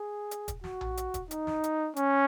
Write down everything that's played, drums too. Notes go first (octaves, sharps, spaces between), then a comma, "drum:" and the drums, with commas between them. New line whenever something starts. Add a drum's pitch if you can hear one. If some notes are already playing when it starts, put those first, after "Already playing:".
Already playing: G#4
drum: hi-hat
drum: kick, hi-hat
F#4, drum: snare
drum: tom A#1
drum: hi-hat
drum: kick, hi-hat
D#4, drum: hi-hat
drum: snare
drum: hi-hat
C#4, drum: hi-hat